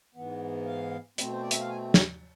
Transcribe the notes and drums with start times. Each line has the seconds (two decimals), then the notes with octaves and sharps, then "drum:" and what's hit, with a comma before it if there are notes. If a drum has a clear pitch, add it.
0.14 G#2 E3 B3
0.66 F5
1.18 B2 A3 C4, drum: hi-hat
1.32 C5
1.42 D5
1.51 E5, drum: hi-hat
1.61 F5
1.70 G#5
1.94 drum: snare